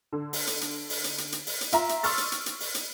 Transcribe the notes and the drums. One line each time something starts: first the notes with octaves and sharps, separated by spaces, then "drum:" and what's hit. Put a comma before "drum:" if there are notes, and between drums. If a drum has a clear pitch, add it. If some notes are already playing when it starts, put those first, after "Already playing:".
D3
drum: open hi-hat
drum: hi-hat
drum: hi-hat
drum: open hi-hat
drum: hi-hat
drum: hi-hat
drum: hi-hat
drum: open hi-hat
drum: hi-hat
F4 E5 A#5, drum: hi-hat
drum: hi-hat
C6 C#6 E6 F6 A6, drum: open hi-hat
drum: hi-hat
drum: hi-hat
drum: hi-hat
drum: open hi-hat
drum: hi-hat